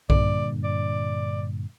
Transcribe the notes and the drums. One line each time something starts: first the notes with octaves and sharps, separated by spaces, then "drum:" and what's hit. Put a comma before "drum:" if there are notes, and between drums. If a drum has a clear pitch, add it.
G2 A#2 D3 D5, drum: kick A#1
D5